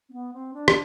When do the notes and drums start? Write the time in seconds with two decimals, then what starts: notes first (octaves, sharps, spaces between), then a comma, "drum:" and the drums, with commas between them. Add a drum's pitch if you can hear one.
0.09 C4
0.13 B3
0.33 C4
0.54 D4
0.68 drum: rim click